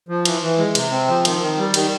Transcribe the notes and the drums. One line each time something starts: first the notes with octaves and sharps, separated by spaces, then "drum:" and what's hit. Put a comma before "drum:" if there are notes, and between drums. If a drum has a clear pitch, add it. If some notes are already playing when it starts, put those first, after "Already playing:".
F3
E3, drum: cymbal
E3
G#3
C3, drum: cymbal
C4
F3
D#3, drum: cymbal
D#3
G3
D#3, drum: cymbal